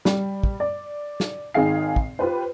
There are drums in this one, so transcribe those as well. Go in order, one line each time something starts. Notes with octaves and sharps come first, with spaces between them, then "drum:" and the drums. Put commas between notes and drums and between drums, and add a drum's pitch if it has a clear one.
G3, drum: snare
drum: kick
D5
drum: snare
G#1 D#3 G#4 F5 C7
drum: kick
F4 G4 B4 C5